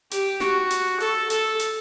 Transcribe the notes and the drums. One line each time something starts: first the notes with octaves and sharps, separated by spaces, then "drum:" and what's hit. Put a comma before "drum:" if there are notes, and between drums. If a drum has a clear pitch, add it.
G4, drum: hi-hat
F#4, drum: snare
drum: hi-hat
A4, drum: open hi-hat
A4, drum: hi-hat
drum: hi-hat